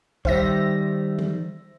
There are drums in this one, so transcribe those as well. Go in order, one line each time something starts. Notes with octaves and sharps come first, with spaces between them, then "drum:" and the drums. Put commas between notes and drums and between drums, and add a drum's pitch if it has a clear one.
D#3 G3 C5 E5 A#6, drum: kick
drum: tom E3